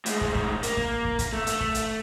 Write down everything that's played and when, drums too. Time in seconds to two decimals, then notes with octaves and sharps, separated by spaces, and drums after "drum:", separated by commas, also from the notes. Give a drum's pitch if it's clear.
0.06 A2 G#3, drum: hi-hat
0.21 drum: kick
0.35 drum: kick
0.63 A#3, drum: hi-hat
0.77 drum: kick
1.05 drum: kick
1.19 drum: kick, hi-hat
1.33 A3
1.47 drum: hi-hat
1.61 drum: kick
1.74 drum: hi-hat